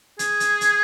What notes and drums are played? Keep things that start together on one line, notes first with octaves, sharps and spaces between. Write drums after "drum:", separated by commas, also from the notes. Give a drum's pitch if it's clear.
G#4, drum: hi-hat
drum: hi-hat
drum: hi-hat